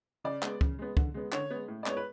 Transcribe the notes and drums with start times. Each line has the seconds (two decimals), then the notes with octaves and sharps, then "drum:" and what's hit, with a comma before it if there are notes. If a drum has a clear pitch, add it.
0.24 C#3 D5
0.43 G#3 B3, drum: clap
0.61 C#3, drum: kick
0.79 G#3 B3
0.97 D3, drum: kick
1.14 G#3 B3
1.32 D3 C#5, drum: clap
1.50 G#3 B3
1.68 A2
1.83 D5
1.86 G#3 B3 C#5, drum: clap
1.97 B4